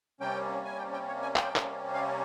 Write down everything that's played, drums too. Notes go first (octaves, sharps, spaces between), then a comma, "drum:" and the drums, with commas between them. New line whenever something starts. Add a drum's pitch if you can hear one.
C3 G3 A#3 C#4 G5
G#5
G5
G5
C#5
G#5
G5, drum: clap
drum: clap
F5